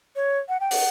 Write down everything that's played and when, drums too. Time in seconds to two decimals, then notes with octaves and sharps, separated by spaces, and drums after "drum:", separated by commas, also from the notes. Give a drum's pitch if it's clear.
0.16 C#5
0.49 F#5
0.60 G5
0.71 F#5, drum: open hi-hat